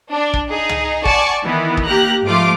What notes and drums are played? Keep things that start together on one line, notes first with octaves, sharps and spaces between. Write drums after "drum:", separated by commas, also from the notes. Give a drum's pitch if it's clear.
D4
drum: kick
D#4 G#4
drum: tom
D5 F#5 G#5 A5 C#6, drum: kick
D#3 E3 B3
drum: kick
A#3 G4 A#5 F#6
G#2 F3 A3 F4 D6